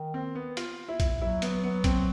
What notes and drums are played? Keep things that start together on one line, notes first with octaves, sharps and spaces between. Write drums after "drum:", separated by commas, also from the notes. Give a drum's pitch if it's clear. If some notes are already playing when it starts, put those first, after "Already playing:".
Already playing: D#3
C4
B3
F4, drum: hi-hat
E4
drum: kick A#1, hi-hat
F#3 E4
B3, drum: hi-hat
B3
C4, drum: kick A#1, hi-hat